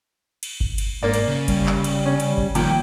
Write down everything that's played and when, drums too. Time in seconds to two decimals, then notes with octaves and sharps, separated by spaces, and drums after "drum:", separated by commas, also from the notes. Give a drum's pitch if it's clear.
0.43 drum: cymbal
0.60 drum: kick G1
0.78 drum: cymbal
1.03 G#2 A#3 D5
1.14 drum: cymbal
1.27 C#3
1.48 G3, drum: kick G1, cymbal
1.67 drum: clap
1.84 drum: cymbal
2.06 C#4
2.20 drum: cymbal
2.37 drum: kick G1
2.55 A#2 D#3 F3 G5, drum: cymbal